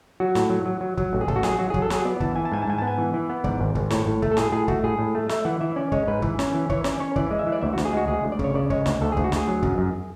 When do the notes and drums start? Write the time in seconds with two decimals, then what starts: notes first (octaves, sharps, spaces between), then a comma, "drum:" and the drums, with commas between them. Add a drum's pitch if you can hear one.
0.20 F#3 F#4
0.35 A2, drum: snare
0.50 F#3
0.66 F#3
0.81 F#3
0.97 F#3, drum: kick
1.13 A1
1.21 G#4
1.28 A1 A4, drum: kick
1.36 F#4
1.43 F#3 G#4, drum: snare
1.59 F#3 F#4
1.70 G#4
1.74 F#3, drum: kick
1.82 A4
1.90 F#3 G#4, drum: snare
2.05 B3 D5
2.20 E3 A5, drum: kick
2.36 E3 G#5
2.45 A5
2.52 G#2 G#5
2.62 A5
2.67 G#2 G#5
2.78 B3 A5
2.87 G#5
2.98 E3
3.14 E3
3.29 B3
3.44 G#2 D5, drum: kick
3.59 G#1
3.75 G#1, drum: kick
3.90 A2 C#5, drum: snare
4.06 A2
4.22 A3, drum: kick
4.31 A4
4.37 A2 G#4, drum: snare
4.52 A2 G#4
4.68 A3 F#4, drum: kick
4.84 A2 G#4
4.99 A2
5.15 A3
5.29 A3 E5, drum: snare
5.45 E3 F#5
5.61 E3 E5
5.76 C#4 D5
5.92 G#3 C#5, drum: kick
6.07 G#2 B4
6.22 E3, drum: kick
6.39 C#4, drum: snare
6.54 E3
6.70 E3 C#5, drum: kick
6.84 C#4 D5, drum: snare
7.00 C#4 C#5
7.16 E3 D5, drum: kick
7.31 G#3
7.39 E5
7.47 E3
7.52 D5
7.61 D2 E5
7.73 F#4
7.78 D2, drum: snare
7.85 G#4
7.93 G#3 F#4
8.08 D2 G#4
8.23 D2
8.32 D5
8.39 C#3, drum: kick
8.44 C#5
8.54 C#3 D5
8.70 G#3 C#5, drum: kick
8.86 D2, drum: snare
9.01 D2 A4
9.12 G#4
9.17 D2, drum: kick
9.24 F#4
9.32 D2 G#4, drum: snare
9.48 F#3
9.63 F#2, drum: kick
9.78 F#2